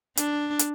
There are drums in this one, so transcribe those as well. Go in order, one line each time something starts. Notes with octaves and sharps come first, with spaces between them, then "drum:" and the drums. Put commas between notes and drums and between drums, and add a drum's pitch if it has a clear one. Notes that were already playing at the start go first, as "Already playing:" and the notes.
D4, drum: hi-hat
drum: hi-hat